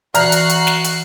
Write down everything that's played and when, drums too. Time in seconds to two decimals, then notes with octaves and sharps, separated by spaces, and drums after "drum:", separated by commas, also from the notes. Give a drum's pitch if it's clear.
0.15 E3 F#4 D5 A#5 F6 F#6 C7, drum: hi-hat
0.32 drum: hi-hat
0.49 drum: hi-hat
0.67 drum: snare
0.84 drum: hi-hat